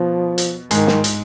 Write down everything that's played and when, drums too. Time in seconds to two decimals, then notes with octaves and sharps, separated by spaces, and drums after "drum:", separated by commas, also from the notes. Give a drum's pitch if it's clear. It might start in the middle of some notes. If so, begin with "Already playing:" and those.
Already playing: B2 F3 B3
0.38 drum: hi-hat
0.71 G#2 D#3 G#3, drum: hi-hat
0.87 drum: snare
1.04 drum: hi-hat